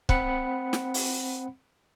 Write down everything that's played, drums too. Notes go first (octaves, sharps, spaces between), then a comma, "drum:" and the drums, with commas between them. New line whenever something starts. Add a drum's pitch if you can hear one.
C4 F#5 B5 C#7, drum: kick
drum: snare
drum: open hi-hat